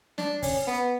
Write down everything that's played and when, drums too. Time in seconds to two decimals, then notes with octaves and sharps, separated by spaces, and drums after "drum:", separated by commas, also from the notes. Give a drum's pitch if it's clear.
0.18 D4, drum: snare
0.42 C#4, drum: kick, open hi-hat
0.67 B3